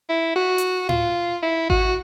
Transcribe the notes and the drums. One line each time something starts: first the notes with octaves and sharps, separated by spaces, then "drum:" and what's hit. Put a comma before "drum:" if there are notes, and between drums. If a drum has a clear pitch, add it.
E4
F#4
drum: hi-hat
F4, drum: tom A2
E4
F#4, drum: kick G#1